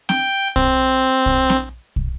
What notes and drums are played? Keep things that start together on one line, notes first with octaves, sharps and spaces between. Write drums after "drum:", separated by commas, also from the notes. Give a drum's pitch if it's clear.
G5, drum: snare C4
C4, drum: kick
drum: kick
drum: snare C4
drum: kick